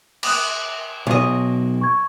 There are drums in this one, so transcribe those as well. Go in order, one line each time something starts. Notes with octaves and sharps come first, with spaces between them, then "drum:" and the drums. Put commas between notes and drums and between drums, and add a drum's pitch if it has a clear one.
D6 D#6 F#6, drum: cymbal
B1 D#5
C#6 G#6